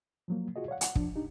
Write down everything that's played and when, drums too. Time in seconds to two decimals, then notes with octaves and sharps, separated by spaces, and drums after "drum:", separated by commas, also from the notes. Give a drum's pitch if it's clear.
0.28 F3 F#3 A#3
0.56 F4 F#4 G#4 D#5
0.68 C#5 D5 F5 F#5
0.81 F#5, drum: hi-hat
0.95 E2 F3 D4, drum: kick
1.16 D4 D#4 G4